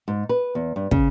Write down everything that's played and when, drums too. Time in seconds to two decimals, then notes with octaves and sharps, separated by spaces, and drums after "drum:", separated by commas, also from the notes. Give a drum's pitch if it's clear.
0.08 G#2
0.29 B4
0.55 E2
0.76 G2
0.91 C#3, drum: kick